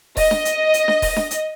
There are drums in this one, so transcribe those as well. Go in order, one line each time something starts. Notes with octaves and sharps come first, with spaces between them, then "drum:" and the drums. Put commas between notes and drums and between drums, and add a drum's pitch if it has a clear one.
D#5, drum: kick D#1, open hi-hat
drum: snare D4
drum: hi-hat
drum: hi-hat
drum: snare D4
drum: kick D#1, open hi-hat
drum: snare D4
drum: hi-hat